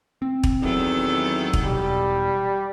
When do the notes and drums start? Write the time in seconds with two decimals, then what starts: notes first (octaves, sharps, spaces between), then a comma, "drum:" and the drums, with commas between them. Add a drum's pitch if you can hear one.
0.22 C4
0.43 drum: kick
0.62 E2 D#3 F#3 A4
1.53 drum: kick
1.63 E1 B2 G3